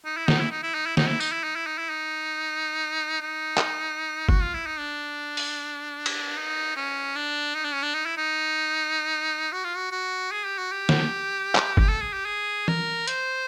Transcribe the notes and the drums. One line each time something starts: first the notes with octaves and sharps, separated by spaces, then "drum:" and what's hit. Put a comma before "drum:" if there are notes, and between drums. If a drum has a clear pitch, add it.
D#4
E4
D#4, drum: snare
E4
D#4
E4
D#4
E4
D#4, drum: snare
E4
D#4, drum: tambourine
E4
D#4
E4
D#4
E4
D#4
D#4
drum: clap
F#4, drum: kick G1
F4
E4
D#4
D4
drum: open hi-hat
drum: cymbal
D#4
C#4
D4
D#4
D4
C#4
D4
D#4
E4
D#4
F#4
F4
F#4
F#4
G#4
G4
F#4
G4
drum: snare
drum: clap
drum: kick G1
A4
G#4
G4
G#4
A#4, drum: tom E3
C5, drum: hi-hat